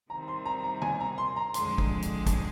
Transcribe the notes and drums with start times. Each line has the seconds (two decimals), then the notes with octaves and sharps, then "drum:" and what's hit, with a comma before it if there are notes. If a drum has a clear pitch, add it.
0.10 C3 D#3 G3 C4 A#5
0.28 C6
0.46 A#5
0.64 A#5
0.82 G#5, drum: tom
1.00 A#5
1.18 C6
1.36 A#5
1.54 F2 D3 G#3 C6, drum: hi-hat
1.78 drum: kick
2.02 drum: hi-hat
2.27 drum: kick, hi-hat